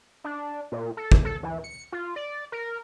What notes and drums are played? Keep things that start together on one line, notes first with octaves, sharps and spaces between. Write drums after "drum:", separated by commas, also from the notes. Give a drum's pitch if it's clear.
D4
A#2
A4
drum: kick
A4
E3
C#7
F4
D5
A#4